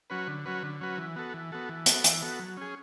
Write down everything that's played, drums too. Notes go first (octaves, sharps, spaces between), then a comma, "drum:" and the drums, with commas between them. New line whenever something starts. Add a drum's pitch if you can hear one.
F#3 C#4 F#4 B4
D3
F#3 C#4 F#4 B4
D3
F#3 C#4 F#4 B4
E3
B3 F#4 A4
E3
B3 F#4 A4
E3
B3 F#4 A4, drum: hi-hat
E3, drum: hi-hat
B3 F#4 A4
F#3
C#4 G#4